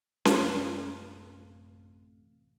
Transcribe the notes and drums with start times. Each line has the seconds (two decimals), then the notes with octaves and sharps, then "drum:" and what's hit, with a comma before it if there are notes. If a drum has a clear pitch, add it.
0.25 A1 F#2 C3 A3 F4 B4 F5, drum: snare C#4